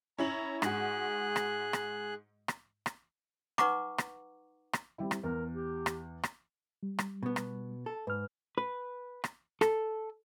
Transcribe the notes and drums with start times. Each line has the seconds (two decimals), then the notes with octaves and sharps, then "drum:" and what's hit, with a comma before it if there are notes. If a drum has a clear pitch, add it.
0.18 C#4 E4 A#5 F#7
0.62 G#2 F#4 G#4 F#6, drum: rim click
1.36 drum: rim click
1.73 drum: rim click
2.48 drum: rim click
2.86 drum: rim click
3.58 D#4 B4 F#5 A#5 C#6 D6, drum: rim click
3.98 drum: rim click
4.73 drum: rim click
4.98 G3 C4 E4
5.11 drum: rim click
5.24 E2 A#4
5.54 G4
5.86 drum: rim click
6.23 drum: rim click
6.83 G3
6.99 drum: rim click
7.23 B2 B3
7.36 drum: rim click
7.86 A4
8.07 G#2 B4 F6
8.58 B4
9.24 drum: rim click
9.61 A4, drum: rim click